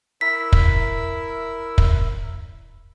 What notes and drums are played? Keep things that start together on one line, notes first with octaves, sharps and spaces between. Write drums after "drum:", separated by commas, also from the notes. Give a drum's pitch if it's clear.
E4 A#4 E6 B6
drum: kick
drum: kick